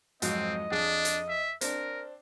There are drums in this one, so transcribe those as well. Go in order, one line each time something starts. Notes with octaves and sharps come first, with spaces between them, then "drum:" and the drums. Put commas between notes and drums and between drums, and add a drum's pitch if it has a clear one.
F2 G#2 F#3 C4 D#5, drum: hi-hat
F2 D4 G#4
drum: hi-hat
E5
C4 D4 A#4, drum: hi-hat